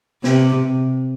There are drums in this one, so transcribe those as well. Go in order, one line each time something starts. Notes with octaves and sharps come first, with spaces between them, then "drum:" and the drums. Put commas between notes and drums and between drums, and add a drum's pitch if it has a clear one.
C3, drum: snare